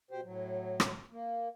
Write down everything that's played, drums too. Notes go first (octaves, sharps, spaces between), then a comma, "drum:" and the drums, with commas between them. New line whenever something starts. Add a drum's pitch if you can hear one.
B2 G4 C5
A2 F#3
drum: rim click
A#3